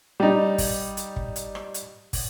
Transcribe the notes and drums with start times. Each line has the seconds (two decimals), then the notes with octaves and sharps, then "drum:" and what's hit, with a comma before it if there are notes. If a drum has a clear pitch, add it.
0.20 G3 D#4
0.58 drum: kick, open hi-hat
0.97 drum: hi-hat
1.16 drum: kick
1.36 drum: hi-hat
1.55 drum: rim click
1.74 drum: hi-hat
2.13 drum: kick, open hi-hat